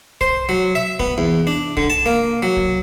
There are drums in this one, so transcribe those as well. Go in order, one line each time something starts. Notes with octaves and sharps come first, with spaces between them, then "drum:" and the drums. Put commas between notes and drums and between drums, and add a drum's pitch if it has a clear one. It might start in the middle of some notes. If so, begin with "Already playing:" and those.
C5, drum: kick
F#3
E5
B3, drum: kick
E2
D4
D3, drum: kick
A5
A#3
F#3
drum: kick